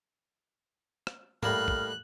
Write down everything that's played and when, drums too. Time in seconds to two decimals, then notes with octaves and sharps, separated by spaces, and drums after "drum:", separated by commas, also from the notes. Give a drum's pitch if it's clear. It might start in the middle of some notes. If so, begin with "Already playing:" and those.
1.07 drum: rim click
1.43 A2 G3 A#3 F6 F#6, drum: tom G#2
1.68 drum: kick